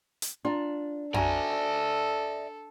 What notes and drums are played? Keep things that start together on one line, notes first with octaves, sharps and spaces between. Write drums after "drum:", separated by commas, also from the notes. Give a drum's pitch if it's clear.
drum: hi-hat
D4 F4 A#5
F#4 A4 D5 E5 G#5 A#5, drum: tom F2